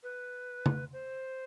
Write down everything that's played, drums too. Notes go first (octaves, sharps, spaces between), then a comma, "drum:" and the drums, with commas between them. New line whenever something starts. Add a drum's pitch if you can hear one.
B4
drum: tom C#3
C5